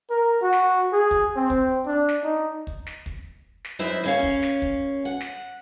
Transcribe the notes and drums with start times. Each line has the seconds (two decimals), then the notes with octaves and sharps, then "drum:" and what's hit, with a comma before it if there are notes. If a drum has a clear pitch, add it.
0.10 A#4
0.42 F#4
0.52 drum: snare
0.92 G#4
1.11 drum: kick
1.36 C4
1.50 drum: kick
1.87 D4
2.08 drum: snare
2.24 D#4
2.67 drum: kick
2.86 drum: snare
3.06 drum: kick
3.64 drum: snare
3.79 F#2 E4 C5 D#5 E5
4.03 A#3 C#4 F5
4.23 drum: kick
4.42 drum: snare
4.62 drum: kick
5.05 F#5
5.20 drum: snare